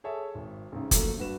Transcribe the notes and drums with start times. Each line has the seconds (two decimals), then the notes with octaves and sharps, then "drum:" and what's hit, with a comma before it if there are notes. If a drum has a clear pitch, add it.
0.04 G#4 A4 C#5 E5 A5
0.35 G#1
0.72 A1 G#2 C#3
0.91 F3 F#3 A3 A#3, drum: kick, hi-hat
1.17 G2 F#4 B4 E7